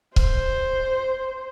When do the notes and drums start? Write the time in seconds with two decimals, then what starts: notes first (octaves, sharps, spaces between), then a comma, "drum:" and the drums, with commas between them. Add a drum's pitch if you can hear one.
0.16 C5, drum: kick C#1